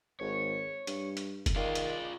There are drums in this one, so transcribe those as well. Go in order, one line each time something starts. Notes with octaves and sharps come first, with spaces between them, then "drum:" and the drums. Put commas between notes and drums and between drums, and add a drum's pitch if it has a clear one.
G#1 C#5
G2, drum: hi-hat
drum: hi-hat
drum: kick, hi-hat
D#3 F4 G#4 D5 F5
drum: hi-hat